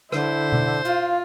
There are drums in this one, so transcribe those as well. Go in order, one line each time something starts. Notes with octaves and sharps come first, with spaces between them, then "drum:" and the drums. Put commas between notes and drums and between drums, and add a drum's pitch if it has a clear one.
D3 E4 C5, drum: rim click
drum: tom B2
F4 F5